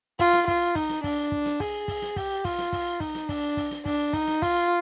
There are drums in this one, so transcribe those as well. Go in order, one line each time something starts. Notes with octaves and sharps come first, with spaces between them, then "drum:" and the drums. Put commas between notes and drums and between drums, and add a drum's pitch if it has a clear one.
F4, drum: kick, open hi-hat
drum: snare
F4, drum: kick, open hi-hat
D#4, drum: kick, open hi-hat
drum: snare
D4, drum: kick, open hi-hat
drum: kick
drum: snare
G#4, drum: kick, open hi-hat
drum: kick, open hi-hat
drum: snare
G4, drum: kick, open hi-hat
F4, drum: kick, open hi-hat
drum: snare
drum: kick, open hi-hat
D#4, drum: kick, open hi-hat
drum: snare
D4, drum: kick, open hi-hat
drum: kick, open hi-hat
drum: snare
D4, drum: kick, open hi-hat
D#4, drum: kick, open hi-hat
drum: snare
F4, drum: kick, open hi-hat